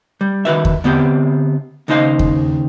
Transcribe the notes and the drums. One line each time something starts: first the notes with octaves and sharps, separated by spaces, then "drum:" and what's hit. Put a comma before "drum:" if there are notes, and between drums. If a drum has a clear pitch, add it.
G3
D#3 F#4 B4 E5
drum: kick E2
D3 B3 C4 G4
D#2 C#3 D#4 C5 D#5 F5
drum: kick E2